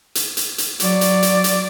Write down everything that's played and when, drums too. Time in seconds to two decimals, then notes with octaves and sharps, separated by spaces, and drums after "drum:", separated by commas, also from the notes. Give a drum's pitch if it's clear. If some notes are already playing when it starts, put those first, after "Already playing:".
0.15 drum: hi-hat
0.37 drum: hi-hat
0.58 drum: hi-hat
0.80 F#3 D5, drum: hi-hat
1.01 drum: hi-hat
1.23 drum: hi-hat
1.44 drum: hi-hat